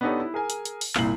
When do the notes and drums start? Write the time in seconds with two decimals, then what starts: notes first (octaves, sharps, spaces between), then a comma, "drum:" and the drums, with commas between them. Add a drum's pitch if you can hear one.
0.01 B3 D4 D#4 G4 A4 C#5
0.20 E4
0.34 G#4 A#4 G#5
0.50 drum: hi-hat
0.65 drum: hi-hat
0.81 drum: open hi-hat
0.95 F#1 C2 A#2 E4 C7 F#7, drum: clap